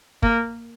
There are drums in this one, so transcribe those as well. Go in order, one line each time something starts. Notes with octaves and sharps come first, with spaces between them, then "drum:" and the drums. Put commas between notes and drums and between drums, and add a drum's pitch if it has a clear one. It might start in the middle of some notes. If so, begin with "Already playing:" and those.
A#3, drum: kick